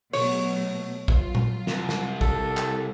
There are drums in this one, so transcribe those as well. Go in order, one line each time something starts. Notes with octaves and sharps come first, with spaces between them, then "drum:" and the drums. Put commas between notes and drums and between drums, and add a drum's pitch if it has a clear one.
B2 F#3 A3 C#5, drum: open hi-hat
F#3 F4, drum: kick A1
drum: tom A#2
C2, drum: snare
drum: snare
A4, drum: kick A1
drum: clap